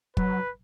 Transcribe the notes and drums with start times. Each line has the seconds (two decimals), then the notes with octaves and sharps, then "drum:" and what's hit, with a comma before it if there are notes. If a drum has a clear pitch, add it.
0.17 F#3 B4, drum: kick